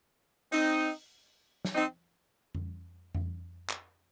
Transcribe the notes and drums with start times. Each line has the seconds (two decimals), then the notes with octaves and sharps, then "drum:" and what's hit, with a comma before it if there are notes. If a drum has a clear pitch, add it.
0.52 C4 D#4, drum: open hi-hat
1.65 drum: snare
1.75 C4 D#4
2.55 drum: tom F2
3.15 drum: tom F2
3.69 drum: clap